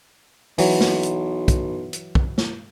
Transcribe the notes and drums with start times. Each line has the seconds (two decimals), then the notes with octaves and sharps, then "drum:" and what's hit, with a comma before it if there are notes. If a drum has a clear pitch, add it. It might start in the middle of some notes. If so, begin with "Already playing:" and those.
0.58 B1 E3 F#3, drum: open hi-hat
0.81 drum: snare
1.03 drum: hi-hat
1.48 drum: kick, hi-hat
1.93 drum: hi-hat
2.15 drum: kick
2.38 drum: snare